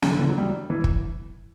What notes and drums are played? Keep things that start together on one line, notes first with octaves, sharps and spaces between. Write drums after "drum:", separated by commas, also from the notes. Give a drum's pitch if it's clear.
C#3, drum: snare
D3
E3
F#3
G3
E3
drum: kick